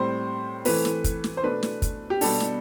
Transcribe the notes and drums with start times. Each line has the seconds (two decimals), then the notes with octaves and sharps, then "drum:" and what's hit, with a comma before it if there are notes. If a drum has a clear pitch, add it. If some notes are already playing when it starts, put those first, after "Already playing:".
Already playing: A2 G3 C4 C5
0.65 E3 A3 C4 B4, drum: open hi-hat
0.85 drum: snare
1.04 drum: kick, hi-hat
1.24 drum: snare
1.37 C5
1.43 B2 A3 D4 B4
1.63 drum: snare
1.82 drum: kick, hi-hat
2.10 G4
2.21 B2 G3 B3 D4 A4, drum: open hi-hat
2.40 drum: snare